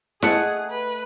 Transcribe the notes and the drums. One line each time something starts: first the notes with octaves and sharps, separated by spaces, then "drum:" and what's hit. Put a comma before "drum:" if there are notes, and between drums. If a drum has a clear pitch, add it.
A3 G#4 D#5 F#5 A5, drum: snare E4
B4